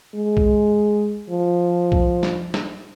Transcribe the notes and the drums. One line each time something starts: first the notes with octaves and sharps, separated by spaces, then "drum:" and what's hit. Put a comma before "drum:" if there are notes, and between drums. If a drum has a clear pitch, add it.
G#3
drum: kick B1
F3
drum: kick B1
drum: snare
drum: snare